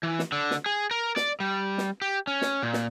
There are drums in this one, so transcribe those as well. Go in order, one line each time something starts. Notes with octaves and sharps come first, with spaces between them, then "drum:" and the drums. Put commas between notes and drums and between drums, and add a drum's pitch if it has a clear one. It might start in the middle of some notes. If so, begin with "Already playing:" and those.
E3
drum: snare
D3
drum: snare
G#4
A#4
D5, drum: snare
G3
drum: snare
G4
C#4
drum: snare
A#2
drum: snare